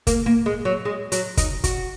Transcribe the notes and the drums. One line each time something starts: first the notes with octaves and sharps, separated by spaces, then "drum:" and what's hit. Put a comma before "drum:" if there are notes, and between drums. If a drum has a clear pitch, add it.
A#3, drum: kick, hi-hat
A#3
G#3
F#3
G#3
F#3, drum: hi-hat
D#4, drum: kick, hi-hat
F#4, drum: kick, hi-hat